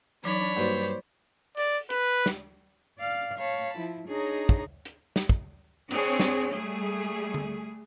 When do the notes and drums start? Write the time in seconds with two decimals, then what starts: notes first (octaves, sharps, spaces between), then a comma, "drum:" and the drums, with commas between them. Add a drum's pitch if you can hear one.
0.24 E3 F#3 D4 D#4 C#5 D5 B5
0.57 G2 A#3 D#4 F#4 C5 D5
1.57 D5, drum: open hi-hat
1.90 B4, drum: hi-hat
2.26 drum: snare
2.99 D5 F5 F6
3.38 C#5 F5 A5 B5
3.78 F3 E4
4.08 D4 D#4 G#4 C#5 D#5 A#5
4.49 drum: kick
4.85 drum: hi-hat
5.16 drum: snare
5.29 drum: kick
5.91 C4 D4 G#4 C#5, drum: cymbal
6.20 drum: snare
6.52 G3 A3 G#4
7.34 drum: tom D3